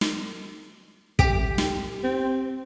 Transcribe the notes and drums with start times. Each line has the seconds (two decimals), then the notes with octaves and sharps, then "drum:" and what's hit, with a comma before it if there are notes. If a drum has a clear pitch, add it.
0.01 drum: snare
1.19 G4, drum: kick
1.58 drum: snare
2.04 C4